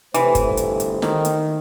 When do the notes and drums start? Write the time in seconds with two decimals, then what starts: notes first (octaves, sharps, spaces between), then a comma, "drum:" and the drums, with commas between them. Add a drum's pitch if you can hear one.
0.14 C3 E3 A3 C5, drum: hi-hat
0.35 drum: kick, hi-hat
0.48 G1
0.57 drum: hi-hat
0.80 drum: hi-hat
1.02 D#3, drum: snare
1.25 drum: hi-hat